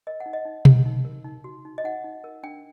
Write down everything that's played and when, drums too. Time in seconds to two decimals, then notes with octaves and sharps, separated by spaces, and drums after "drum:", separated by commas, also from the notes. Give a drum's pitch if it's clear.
0.07 A#4 D#5
0.20 F#5
0.26 D#4
0.33 D#5
0.45 D#4
0.65 D#4, drum: tom B2
0.85 D#4
1.05 A#4
1.25 D#4
1.44 F#4
1.65 D#4
1.78 D#5
1.84 D#4 F#5
2.04 D#4
2.24 A#4
2.43 D4 G5